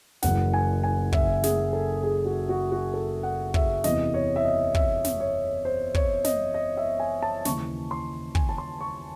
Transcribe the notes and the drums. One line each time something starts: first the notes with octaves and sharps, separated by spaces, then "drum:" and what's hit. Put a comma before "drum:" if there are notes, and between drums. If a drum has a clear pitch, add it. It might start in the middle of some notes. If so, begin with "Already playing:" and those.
F#1 F#2 E3 F#5, drum: snare
G#5
G#5
E5, drum: kick
G#4, drum: snare
A4
G#4
F#4
F#4
F#4
A4
F#5
E5, drum: kick
E2 C3 E3 D#5, drum: snare
C#5
E5
D#5
E5, drum: kick
drum: snare
C#5
C5
C#5, drum: kick
D#5, drum: snare
D#5
E5
G#5
A5
D#2 C#3 E3 C#6, drum: snare
C6
G#5, drum: kick
A5
C6
C#6